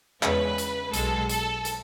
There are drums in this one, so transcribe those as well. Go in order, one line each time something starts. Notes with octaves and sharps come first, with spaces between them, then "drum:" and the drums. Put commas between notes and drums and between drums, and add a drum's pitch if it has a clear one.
E2 C#3 G#3 C#4 B4, drum: clap
drum: hi-hat
B1 B2 G#3 A4, drum: hi-hat
A4, drum: hi-hat
drum: hi-hat